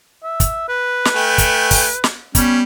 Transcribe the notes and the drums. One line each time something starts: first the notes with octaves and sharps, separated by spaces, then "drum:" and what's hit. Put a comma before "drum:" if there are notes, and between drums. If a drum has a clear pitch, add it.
E5
drum: kick, hi-hat
B4
drum: snare
A3 G5 G#5
drum: kick, hi-hat
drum: kick, open hi-hat
drum: snare
G3 B3 C#4, drum: kick, hi-hat